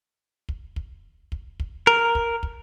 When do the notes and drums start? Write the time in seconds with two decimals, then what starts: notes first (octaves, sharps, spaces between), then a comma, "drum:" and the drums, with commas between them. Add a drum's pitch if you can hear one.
0.49 drum: kick
0.76 drum: kick
1.32 drum: kick
1.60 drum: kick
1.87 A#4
2.15 drum: kick
2.43 drum: kick